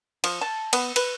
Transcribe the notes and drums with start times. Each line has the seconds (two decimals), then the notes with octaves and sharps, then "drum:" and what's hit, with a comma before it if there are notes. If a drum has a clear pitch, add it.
0.24 F3, drum: cymbal
0.41 A5
0.73 B3, drum: cymbal
0.96 B4, drum: cymbal